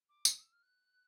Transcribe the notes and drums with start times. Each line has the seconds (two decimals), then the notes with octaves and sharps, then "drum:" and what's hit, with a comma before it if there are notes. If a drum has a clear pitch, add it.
0.09 D6
0.25 D#6, drum: tambourine
0.37 D#6
0.41 E6
0.52 F6
0.63 F#6